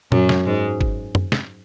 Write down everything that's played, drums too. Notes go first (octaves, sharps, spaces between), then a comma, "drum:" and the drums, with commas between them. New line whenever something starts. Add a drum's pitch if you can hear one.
F#2 F#3, drum: tom A#2
drum: snare
G#2 G#3
drum: kick G1
drum: tom
drum: snare